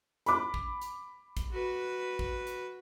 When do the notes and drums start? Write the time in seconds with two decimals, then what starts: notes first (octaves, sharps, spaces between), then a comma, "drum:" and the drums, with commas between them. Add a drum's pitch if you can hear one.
0.26 B5 D6, drum: hi-hat
0.54 drum: kick
0.82 drum: hi-hat
1.37 drum: kick, hi-hat
1.51 F#4 B4
2.19 drum: kick
2.47 drum: hi-hat